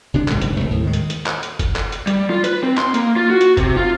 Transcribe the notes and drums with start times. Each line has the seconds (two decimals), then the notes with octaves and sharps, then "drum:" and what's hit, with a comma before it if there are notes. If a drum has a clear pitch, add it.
0.14 C#2 C3 D4
0.28 G#1 G#2 C3 D#3, drum: clap
0.41 F#1, drum: hi-hat
0.57 C2 A3
0.70 D#2 A2
0.84 D#3 G#3
0.93 drum: hi-hat
1.10 drum: hi-hat
1.26 drum: clap
1.43 drum: hi-hat
1.59 drum: kick, hi-hat
1.76 drum: clap
1.92 drum: hi-hat
2.07 G3, drum: hi-hat
2.30 F4
2.44 B4, drum: hi-hat
2.63 C4
2.78 C6, drum: clap
2.94 A#3, drum: hi-hat
3.16 F4
3.30 F#4
3.41 drum: hi-hat
3.57 C3, drum: kick, hi-hat
3.77 F4